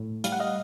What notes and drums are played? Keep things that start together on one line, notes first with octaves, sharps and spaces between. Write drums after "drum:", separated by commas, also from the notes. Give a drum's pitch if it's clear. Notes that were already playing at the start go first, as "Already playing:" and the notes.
Already playing: A2
G3 F5, drum: hi-hat
F#5
D#5 F5